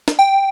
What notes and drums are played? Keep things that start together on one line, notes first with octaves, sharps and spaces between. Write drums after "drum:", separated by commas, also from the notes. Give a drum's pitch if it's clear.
drum: snare
G5